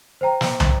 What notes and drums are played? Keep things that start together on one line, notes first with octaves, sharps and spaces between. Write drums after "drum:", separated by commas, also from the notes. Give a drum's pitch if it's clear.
C5 G5 A#5
drum: snare
drum: tom